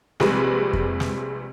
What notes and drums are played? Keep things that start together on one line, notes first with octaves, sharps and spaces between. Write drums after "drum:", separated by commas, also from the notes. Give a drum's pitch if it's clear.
A#1 C3 G3 G#3 B4, drum: snare
drum: kick F2
drum: snare